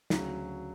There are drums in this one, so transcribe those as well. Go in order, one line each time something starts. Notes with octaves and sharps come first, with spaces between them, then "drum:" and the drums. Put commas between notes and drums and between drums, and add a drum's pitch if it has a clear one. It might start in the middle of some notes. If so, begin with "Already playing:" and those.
D2 C#3 F#3, drum: snare